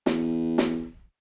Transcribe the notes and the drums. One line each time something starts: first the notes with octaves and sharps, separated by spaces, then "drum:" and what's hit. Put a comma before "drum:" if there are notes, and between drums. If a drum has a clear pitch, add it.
E2, drum: snare
drum: snare